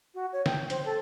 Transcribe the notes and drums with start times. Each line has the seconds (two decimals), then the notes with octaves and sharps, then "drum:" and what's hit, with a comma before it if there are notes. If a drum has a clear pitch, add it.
0.14 F#4
0.33 C#5
0.46 G5, drum: snare
0.70 C5, drum: hi-hat
0.85 A4